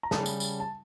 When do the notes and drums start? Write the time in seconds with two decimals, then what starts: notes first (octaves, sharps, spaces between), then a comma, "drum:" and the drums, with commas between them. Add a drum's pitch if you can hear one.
0.03 A#5
0.11 C#3 G3 C#4 A5, drum: snare
0.26 drum: tambourine
0.40 drum: tambourine
0.60 A5